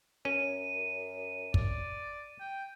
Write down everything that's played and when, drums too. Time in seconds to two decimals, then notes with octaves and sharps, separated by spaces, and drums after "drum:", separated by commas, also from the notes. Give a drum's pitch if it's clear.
0.25 F#2 C#4 D#7
1.54 D5, drum: kick
2.40 G5